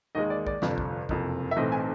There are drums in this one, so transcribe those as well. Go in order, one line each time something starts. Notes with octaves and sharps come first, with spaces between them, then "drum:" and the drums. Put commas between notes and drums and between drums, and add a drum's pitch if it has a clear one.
D#2 D#3 G#3 D#5
D5
D5, drum: kick
G1 F2 C3, drum: snare
drum: kick
F#1 F2 C3, drum: kick
E5
B1 A2 E3 A3 C4 D#5
G#5